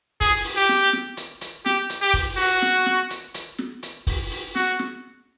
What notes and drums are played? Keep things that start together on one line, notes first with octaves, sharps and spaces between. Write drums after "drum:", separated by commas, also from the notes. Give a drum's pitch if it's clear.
G#4, drum: kick, open hi-hat
drum: open hi-hat
G4
drum: snare
drum: snare
drum: hi-hat
drum: hi-hat
G4, drum: snare
drum: hi-hat
G4
drum: kick, open hi-hat
F#4, drum: open hi-hat
drum: snare
drum: snare
drum: hi-hat
drum: hi-hat
drum: snare
drum: hi-hat
drum: kick, open hi-hat
drum: open hi-hat
F#4, drum: snare
drum: snare